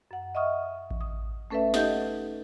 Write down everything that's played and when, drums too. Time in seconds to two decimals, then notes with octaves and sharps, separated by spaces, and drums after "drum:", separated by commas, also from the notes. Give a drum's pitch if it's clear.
0.11 F#2 F#5
0.35 D#5 E5 F#5 C#6 D#6 F6
0.91 drum: kick A1
1.01 D#6
1.50 A3 C#4 A4 B4 D5 E5
1.74 D#4 G4 A4 D#5 F#5 G6, drum: snare